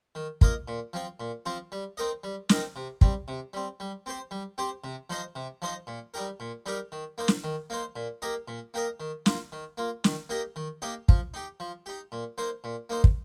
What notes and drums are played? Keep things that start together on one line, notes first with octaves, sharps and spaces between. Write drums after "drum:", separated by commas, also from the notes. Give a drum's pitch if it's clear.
D#3
A#3 F4 A#4 D#5, drum: kick
A#2
F3 C4 F4
A#2
F3 C4 F4
G3
C4 D#4 A#4 D#5
G3
C4 D#4 A#4 D#5, drum: snare
C3
G3 C4, drum: kick
C3
G3 C4
G3
C4 G4 C5
G3
C4 G4 C5
C3
F3 D#4 C5 D#5
C3
F3 D#4 C5 D#5
A#2
G3 D#4 G4 A#4
A#2
G3 D#4 G4 A#4
D#3
A#3 D#4 C5
drum: snare
D#3
A#3 D#4 C5
A#2
A#3 G4 A#4 D#5
A#2
A#3 G4 A#4 D#5
D#3
A#3 F4, drum: snare
D#3
A#3 F4
D#3, drum: snare
A#3 D#4 G4 D#5
D#3
A#3 D#4 G4 D#5
F3, drum: kick
D#4 G4
F3
D#4 G4
A#2
A#3 D#4 C5
A#2
A#3 D#4 C5
drum: kick